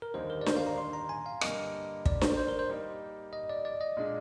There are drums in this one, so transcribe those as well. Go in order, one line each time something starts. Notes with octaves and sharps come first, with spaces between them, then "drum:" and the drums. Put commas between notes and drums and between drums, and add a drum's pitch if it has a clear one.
A#4
D#2 D3 G3 A#3 D#4 C5
A#4
D5
C5, drum: snare D4
F5
A#5
C6
A#5
G#5
F5
G2 D3 G3 A#3 D#5, drum: rim click
D5, drum: kick
C5, drum: snare D4
C5
A#4
C5
G3 A#3 D#4
D#5
D5
D5
D#5
A#2 G#3 D4 G#4